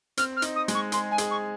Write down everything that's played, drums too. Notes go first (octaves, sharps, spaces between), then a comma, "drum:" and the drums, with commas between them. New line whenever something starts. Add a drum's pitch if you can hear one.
C4 F6, drum: hi-hat
F6
D#4, drum: hi-hat
D#6
G#3, drum: hi-hat
C#6
G#4 C6, drum: hi-hat
G#5
G#4, drum: hi-hat
C#6